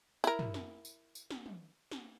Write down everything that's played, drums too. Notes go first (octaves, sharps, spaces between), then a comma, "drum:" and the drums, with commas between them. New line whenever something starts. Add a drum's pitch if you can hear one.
E4 A#4, drum: tambourine
drum: tom
drum: snare
drum: tambourine
drum: tambourine
drum: snare
drum: tom
drum: snare